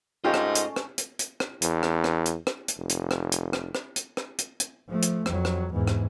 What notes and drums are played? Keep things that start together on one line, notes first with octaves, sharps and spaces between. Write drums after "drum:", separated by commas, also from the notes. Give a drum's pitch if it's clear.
G#2 A3 C#4 F4 G4 D#5 G#5
drum: rim click
drum: hi-hat
drum: rim click
drum: hi-hat
drum: hi-hat
drum: rim click
E2, drum: hi-hat
drum: rim click
drum: rim click
drum: hi-hat
drum: rim click
drum: hi-hat
F1
drum: hi-hat
drum: rim click
drum: hi-hat
drum: rim click
drum: rim click
drum: hi-hat
drum: rim click
drum: hi-hat
drum: hi-hat
F3 A3
drum: hi-hat
F2 F#3, drum: rim click
drum: rim click
E2 G#2
drum: rim click